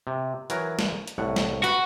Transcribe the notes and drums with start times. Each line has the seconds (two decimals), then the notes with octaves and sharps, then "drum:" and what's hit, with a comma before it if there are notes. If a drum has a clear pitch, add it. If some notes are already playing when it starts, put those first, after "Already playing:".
0.07 C3
0.50 E3 F#3 A#4, drum: hi-hat
0.79 drum: snare
1.08 drum: hi-hat
1.18 C2 A2 F#5
1.36 drum: snare
1.64 F#4 B4, drum: hi-hat